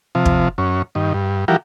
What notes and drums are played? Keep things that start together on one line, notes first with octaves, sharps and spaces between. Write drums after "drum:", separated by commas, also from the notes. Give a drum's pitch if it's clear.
C3 F3
drum: kick
F#2 C#4
G2 D#3
G2
E3 F3 G3 F#4 G4 A#4